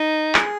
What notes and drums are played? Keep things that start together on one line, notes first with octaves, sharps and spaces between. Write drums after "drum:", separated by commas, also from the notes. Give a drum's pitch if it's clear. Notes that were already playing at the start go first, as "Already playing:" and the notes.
Already playing: D#4
G#4, drum: clap